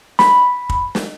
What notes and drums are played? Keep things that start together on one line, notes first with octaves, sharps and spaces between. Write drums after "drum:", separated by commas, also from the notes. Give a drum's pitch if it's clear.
B5, drum: snare
drum: kick
drum: snare